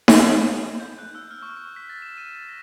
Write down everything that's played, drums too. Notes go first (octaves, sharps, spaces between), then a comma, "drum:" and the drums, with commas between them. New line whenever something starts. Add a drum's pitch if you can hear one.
drum: snare D#4
G6
F#6
E6
F6
C#6
C#6
B6
A6
E7
D#7
A6
A#6